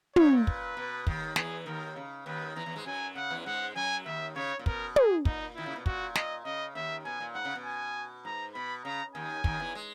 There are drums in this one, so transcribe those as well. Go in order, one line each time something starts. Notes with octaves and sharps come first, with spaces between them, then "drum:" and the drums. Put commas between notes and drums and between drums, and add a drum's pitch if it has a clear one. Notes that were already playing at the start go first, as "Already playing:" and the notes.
C#3 C#5, drum: tom
A#2
B4, drum: kick
B2
D#2 D#3, drum: kick
E2 E3 G#4, drum: snare
D#2 D#3 A#4
C#3
D#2 D#3 B4
E2 E3 A#5
E2 E3
G#2 G#3
F#2 F#3 G#5
C#3 F#5
E2 E3
G#2 G#3 F#5
F#2 F#3 G#5
D#2 D#3 E5
C#3 C#5
A#2
B2 A#4, drum: kick
G#4, drum: tom
A#2 D#4, drum: kick
D#3 E4
C#3
B2
A#2 F#4, drum: kick
D#5, drum: snare
C#3 D#5
D#2 D#3 E5
B2 G#5
A#2
G#2 F#5
C#3
B2
G#5
G#2 A#5
B2 B5
C#3 A#5
D#2 D#3 G#5
D#2 D#3, drum: kick
E2 E3
G#3